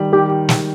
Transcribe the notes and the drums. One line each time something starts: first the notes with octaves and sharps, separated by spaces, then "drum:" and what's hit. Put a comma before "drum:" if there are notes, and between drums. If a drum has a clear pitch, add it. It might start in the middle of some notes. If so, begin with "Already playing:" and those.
Already playing: D#3 G3
D#3 G4
drum: snare